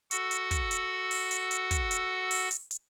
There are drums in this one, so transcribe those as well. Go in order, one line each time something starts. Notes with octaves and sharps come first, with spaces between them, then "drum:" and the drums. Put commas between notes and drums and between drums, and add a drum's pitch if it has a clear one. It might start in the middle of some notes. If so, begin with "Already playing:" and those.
F#4 A4 F#5 E6, drum: hi-hat
drum: hi-hat
drum: kick, hi-hat
drum: hi-hat
drum: open hi-hat
drum: hi-hat
drum: hi-hat
drum: kick, hi-hat
drum: hi-hat
drum: open hi-hat
drum: hi-hat
drum: hi-hat